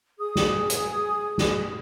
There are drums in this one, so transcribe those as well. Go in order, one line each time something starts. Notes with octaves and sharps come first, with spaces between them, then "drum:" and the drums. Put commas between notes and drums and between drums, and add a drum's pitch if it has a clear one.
G#4 D#6
drum: snare
drum: hi-hat
drum: snare